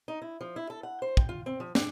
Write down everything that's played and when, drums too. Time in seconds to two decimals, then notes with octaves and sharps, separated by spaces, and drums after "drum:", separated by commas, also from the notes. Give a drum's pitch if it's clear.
0.08 D#4
0.22 E4
0.41 F3
0.56 E4
0.70 A4
0.83 F#5
1.02 C5
1.17 G5, drum: kick
1.29 F4
1.46 C4
1.60 F3
1.75 D4, drum: snare